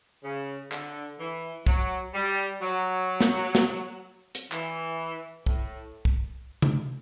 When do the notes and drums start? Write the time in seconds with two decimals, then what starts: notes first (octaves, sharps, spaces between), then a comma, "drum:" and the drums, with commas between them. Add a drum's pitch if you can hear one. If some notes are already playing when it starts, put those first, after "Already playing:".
0.24 C#3
0.72 D3, drum: clap
1.20 E3
1.67 F#3, drum: kick
2.14 G3
2.62 F#3
3.20 drum: snare
3.55 drum: snare
4.35 drum: hi-hat
4.52 E3, drum: clap
5.47 A2, drum: kick
6.05 drum: kick
6.62 drum: tom C3